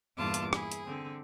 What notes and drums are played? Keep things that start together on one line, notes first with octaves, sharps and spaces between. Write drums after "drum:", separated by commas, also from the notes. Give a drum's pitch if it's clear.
E2 G2 A#2 F4 A5 D6
drum: hi-hat
E4 G#4, drum: rim click
drum: hi-hat
D3 C4